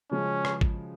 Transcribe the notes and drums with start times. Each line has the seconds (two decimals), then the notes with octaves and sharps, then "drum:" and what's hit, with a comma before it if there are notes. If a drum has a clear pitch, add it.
0.11 C#3 F3 G#3 C#4
0.45 drum: rim click
0.61 drum: kick G#1